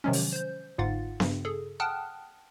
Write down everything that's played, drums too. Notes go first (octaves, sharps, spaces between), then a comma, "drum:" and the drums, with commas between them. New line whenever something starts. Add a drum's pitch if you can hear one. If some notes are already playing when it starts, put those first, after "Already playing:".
C3 D#3 F3 F#3 G#3 C#4
drum: open hi-hat
C5 G6
G1 G#2 F4 F5 F#5 A6
G2 C#3, drum: snare B3
G#4 A4
F#5 G5 A5 D#6 F6 F#6